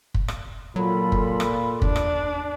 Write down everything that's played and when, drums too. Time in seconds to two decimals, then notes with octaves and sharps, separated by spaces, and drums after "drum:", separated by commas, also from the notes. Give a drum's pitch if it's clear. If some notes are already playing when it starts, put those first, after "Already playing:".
0.14 drum: kick
0.28 drum: rim click
0.76 A#2 F#3 F4 A4 B5
1.12 drum: kick
1.40 drum: rim click
1.82 E2 D4, drum: kick
1.96 drum: rim click